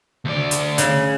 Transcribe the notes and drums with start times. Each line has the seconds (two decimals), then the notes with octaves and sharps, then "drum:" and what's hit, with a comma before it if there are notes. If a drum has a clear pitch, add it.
0.25 D2 D5
0.51 drum: hi-hat
0.78 C#3, drum: hi-hat